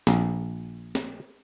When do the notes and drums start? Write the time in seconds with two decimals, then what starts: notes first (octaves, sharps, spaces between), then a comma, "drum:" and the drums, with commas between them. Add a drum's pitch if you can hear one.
0.07 A#1, drum: snare
0.95 drum: snare